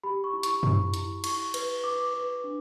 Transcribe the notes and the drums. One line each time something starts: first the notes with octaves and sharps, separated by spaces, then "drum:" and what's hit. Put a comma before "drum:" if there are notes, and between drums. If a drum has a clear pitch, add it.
G4 B5
C#6
E4
C#6, drum: hi-hat
E4, drum: tom F#2
E4, drum: hi-hat
E4 C#6, drum: cymbal
B4, drum: cymbal
B4 D6
B4
D4